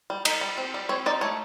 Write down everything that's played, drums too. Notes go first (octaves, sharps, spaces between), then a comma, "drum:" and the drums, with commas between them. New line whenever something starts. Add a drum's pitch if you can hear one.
G3
D#4, drum: cymbal
G3
C4
G3
C4 C#5
D#4 D5
A3 C#5